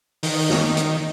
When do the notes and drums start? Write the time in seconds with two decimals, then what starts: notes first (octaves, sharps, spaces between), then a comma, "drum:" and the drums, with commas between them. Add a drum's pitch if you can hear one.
0.23 D#3, drum: open hi-hat
0.50 drum: snare
0.77 drum: hi-hat